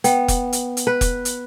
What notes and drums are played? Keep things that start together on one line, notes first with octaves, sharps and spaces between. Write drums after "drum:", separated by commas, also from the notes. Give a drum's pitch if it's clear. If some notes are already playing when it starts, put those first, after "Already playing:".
B3 G5, drum: hi-hat
drum: kick F1, hi-hat
drum: hi-hat
drum: hi-hat
B4
drum: kick F1, hi-hat
drum: hi-hat